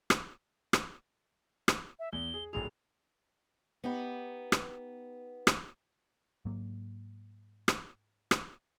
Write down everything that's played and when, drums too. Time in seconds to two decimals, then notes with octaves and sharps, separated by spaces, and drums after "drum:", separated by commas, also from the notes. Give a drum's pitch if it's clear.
0.10 drum: rim click
0.73 drum: rim click
1.68 drum: rim click
1.99 E5
2.13 E2 G7
2.34 G#4
2.53 D1 A#1 G#4 F7
3.84 B3 D#4 G4 B4
4.52 drum: rim click
5.47 drum: rim click
6.45 G#2 F#3 A#3
7.68 drum: rim click
8.31 drum: rim click